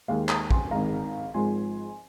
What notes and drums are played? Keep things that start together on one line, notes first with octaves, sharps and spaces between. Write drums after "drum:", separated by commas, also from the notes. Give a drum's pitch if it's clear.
D#2 D#3 G#3 F5
A#5 D#6, drum: clap
G#5 C6, drum: kick
G#1 G#2 D#3 G#3 F5 A#5
G#1 G#2 F3 G#3 G#5 C6